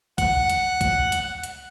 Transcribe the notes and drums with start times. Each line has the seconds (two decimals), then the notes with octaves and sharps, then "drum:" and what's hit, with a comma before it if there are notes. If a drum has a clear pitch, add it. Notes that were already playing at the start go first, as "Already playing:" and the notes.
0.18 F#5 F#6, drum: kick, hi-hat
0.49 drum: hi-hat
0.81 drum: kick, hi-hat
1.12 drum: hi-hat
1.43 drum: hi-hat